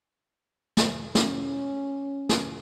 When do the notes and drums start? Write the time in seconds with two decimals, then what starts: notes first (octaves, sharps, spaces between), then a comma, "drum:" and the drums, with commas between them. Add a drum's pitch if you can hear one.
0.77 drum: snare
1.15 C#4, drum: snare
2.29 drum: snare